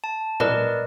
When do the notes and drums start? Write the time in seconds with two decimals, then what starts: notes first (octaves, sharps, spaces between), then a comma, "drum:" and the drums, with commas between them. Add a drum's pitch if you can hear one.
0.04 A5
0.40 A#4 B4 D5 D#5, drum: tom A#2